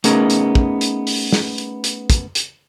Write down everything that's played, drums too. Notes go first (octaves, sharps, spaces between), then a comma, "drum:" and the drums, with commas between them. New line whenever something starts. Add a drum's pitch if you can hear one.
A3 B3 C#4 D#4 G#4 A#4, drum: hi-hat
drum: hi-hat
drum: kick
drum: hi-hat
drum: open hi-hat
drum: snare
drum: hi-hat
drum: hi-hat
drum: kick, hi-hat
drum: hi-hat